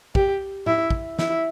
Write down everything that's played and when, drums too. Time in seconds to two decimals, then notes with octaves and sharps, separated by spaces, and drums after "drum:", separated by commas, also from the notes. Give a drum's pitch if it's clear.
0.15 G4, drum: kick
0.66 E4, drum: tom A2
0.90 drum: kick
1.19 E4, drum: snare